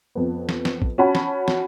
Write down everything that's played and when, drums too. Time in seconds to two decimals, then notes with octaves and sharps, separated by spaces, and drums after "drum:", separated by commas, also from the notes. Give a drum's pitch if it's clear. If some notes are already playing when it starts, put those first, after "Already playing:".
0.15 F2 B3
0.49 drum: snare
0.65 drum: snare
0.82 drum: kick
0.98 C#4 F#4 F#5 A5 B5
1.15 drum: snare
1.48 drum: snare